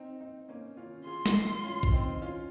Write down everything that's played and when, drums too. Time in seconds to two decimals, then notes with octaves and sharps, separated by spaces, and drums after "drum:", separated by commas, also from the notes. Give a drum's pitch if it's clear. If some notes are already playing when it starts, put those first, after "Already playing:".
Already playing: C4 D#4
0.20 C4 D#4
0.49 A#3 C#4
0.77 C#4 F4
1.06 F4 G#4 C6
1.26 drum: snare
1.63 C#4 F4
1.83 drum: kick A#1
1.92 C4 D#4
2.22 C#4 F4